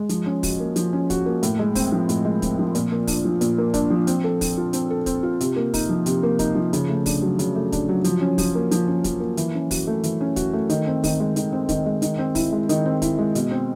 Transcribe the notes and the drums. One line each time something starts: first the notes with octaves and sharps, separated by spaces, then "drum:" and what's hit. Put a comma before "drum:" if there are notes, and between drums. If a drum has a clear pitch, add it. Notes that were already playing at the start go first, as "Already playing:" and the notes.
Already playing: G#3
F3, drum: hi-hat
C#4
F#4, drum: kick, open hi-hat
A#3
F3, drum: hi-hat
C#4
F#4, drum: kick, hi-hat
A#3
A2, drum: hi-hat
G#3
C4, drum: kick, open hi-hat
F3
A2, drum: hi-hat
G#3
C4, drum: kick, hi-hat
F3
A#2, drum: hi-hat
A#3
D4, drum: kick, open hi-hat
F3
A#2, drum: hi-hat
A#3
D4, drum: kick, hi-hat
F3
C4, drum: hi-hat
A4
C4, drum: kick, open hi-hat
F4
C4, drum: hi-hat
A4
C4, drum: kick, hi-hat
F4
C3, drum: hi-hat
A#3
D#4, drum: kick, open hi-hat
F3
C3, drum: hi-hat
A#3
D#4, drum: kick, hi-hat
F3
C#3, drum: hi-hat
A3
D4, drum: kick, open hi-hat
F#3
C#3, drum: hi-hat
A3
D4, drum: kick, hi-hat
F#3
F3, drum: hi-hat
C#4
F3, drum: kick, open hi-hat
A#3
F3, drum: hi-hat
C#4
F3, drum: kick, hi-hat
A#3
E3, drum: hi-hat
C#4
F#4, drum: kick, open hi-hat
A3
E3, drum: hi-hat
C#4
F#4, drum: kick, hi-hat
A3
D#3, drum: hi-hat
C4
D#3, drum: kick, open hi-hat
G#3
D#3, drum: hi-hat
C4
D#3, drum: kick, hi-hat
G#3
D#3, drum: hi-hat
C4
E4, drum: kick, open hi-hat
G#3
D#3, drum: hi-hat
C4
E4, drum: kick, hi-hat
G#3
B2, drum: hi-hat
C4